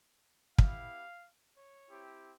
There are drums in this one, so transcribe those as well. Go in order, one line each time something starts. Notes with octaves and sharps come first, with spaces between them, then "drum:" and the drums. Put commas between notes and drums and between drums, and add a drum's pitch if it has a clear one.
B3 E4 G4 F5, drum: kick
C#5
C4 E4 G4